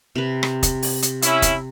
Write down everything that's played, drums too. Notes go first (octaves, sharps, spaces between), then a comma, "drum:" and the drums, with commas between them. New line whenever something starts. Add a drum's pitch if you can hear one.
C3 B4
drum: rim click
drum: kick, hi-hat
drum: open hi-hat
drum: hi-hat
C#4 E4, drum: hi-hat
drum: kick, hi-hat